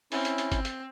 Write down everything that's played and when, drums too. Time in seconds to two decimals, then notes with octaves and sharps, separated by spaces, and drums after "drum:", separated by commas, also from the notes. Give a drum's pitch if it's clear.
0.12 C4 C#4 E4, drum: open hi-hat
0.25 drum: hi-hat
0.38 drum: hi-hat
0.52 drum: kick G1, hi-hat
0.65 drum: hi-hat